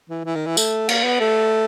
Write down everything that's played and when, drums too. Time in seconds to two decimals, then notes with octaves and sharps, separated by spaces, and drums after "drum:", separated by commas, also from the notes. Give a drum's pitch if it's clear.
0.10 E3
0.25 E3
0.36 D#3
0.46 E3
0.57 A3, drum: tambourine
0.89 A#3, drum: cymbal
1.04 B3
1.20 A3